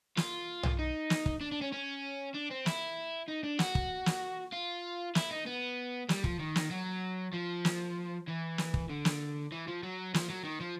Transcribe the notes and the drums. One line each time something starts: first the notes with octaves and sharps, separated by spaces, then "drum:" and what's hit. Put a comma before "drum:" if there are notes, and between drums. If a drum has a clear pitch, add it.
F4, drum: snare
drum: tom B1
D#4
drum: snare
drum: kick
D4
D4
C#4
C#4
D4
C4
E4, drum: snare
D#4
D4
F#4, drum: snare
drum: kick
drum: snare
F4
E4, drum: snare
D#4
B3
G3, drum: snare
F3, drum: kick
D#3
drum: snare
F#3
F3
drum: snare
E3
drum: snare
drum: kick
D3
drum: snare
E3
F3
F#3
F3, drum: snare
F#3
D#3
F3